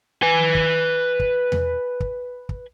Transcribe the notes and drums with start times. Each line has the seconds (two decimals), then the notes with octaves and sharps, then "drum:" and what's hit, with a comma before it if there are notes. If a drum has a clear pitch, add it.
0.22 B4 G#5
0.55 drum: kick
1.20 drum: kick
1.52 drum: tom E2
2.00 drum: kick
2.49 drum: kick